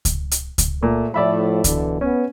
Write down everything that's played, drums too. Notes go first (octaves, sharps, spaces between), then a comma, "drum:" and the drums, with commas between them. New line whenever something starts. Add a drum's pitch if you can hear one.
drum: kick C#2, hi-hat
drum: hi-hat
drum: kick C#2, hi-hat
A#2 A3 A4
A2 F3 D5 E5 B5
B2 D3 E3, drum: kick C#2, hi-hat
B3 C#4